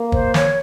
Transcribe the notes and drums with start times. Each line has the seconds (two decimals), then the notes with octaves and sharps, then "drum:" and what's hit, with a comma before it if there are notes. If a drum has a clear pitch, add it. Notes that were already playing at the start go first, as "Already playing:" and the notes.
Already playing: A#3
0.12 C5, drum: kick
0.34 C#5, drum: snare